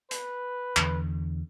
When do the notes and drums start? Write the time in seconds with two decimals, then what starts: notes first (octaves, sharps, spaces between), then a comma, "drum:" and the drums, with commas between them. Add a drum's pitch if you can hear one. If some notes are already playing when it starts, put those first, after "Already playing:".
0.11 B4, drum: hi-hat
0.76 E2 D3, drum: clap